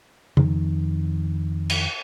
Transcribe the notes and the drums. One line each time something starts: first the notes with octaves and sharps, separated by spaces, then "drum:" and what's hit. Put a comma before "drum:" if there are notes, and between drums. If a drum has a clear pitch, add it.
F2 D#3, drum: tom
drum: cymbal